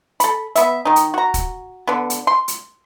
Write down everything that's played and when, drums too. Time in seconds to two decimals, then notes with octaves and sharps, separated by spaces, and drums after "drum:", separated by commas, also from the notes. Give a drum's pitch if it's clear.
0.20 A4 B5, drum: hi-hat
0.56 B3 E5, drum: hi-hat
0.85 D#3 D#4
0.96 drum: hi-hat
1.14 F#4 A#5
1.34 drum: kick, hi-hat
1.87 D3 B3
2.10 drum: hi-hat
2.27 C6
2.48 drum: hi-hat